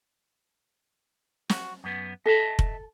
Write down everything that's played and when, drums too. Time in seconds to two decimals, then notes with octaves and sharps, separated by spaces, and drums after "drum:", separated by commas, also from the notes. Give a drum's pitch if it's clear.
1.49 F#4, drum: snare
1.84 F#2 B3
2.26 A4 D#5 E5 A5
2.59 drum: kick F1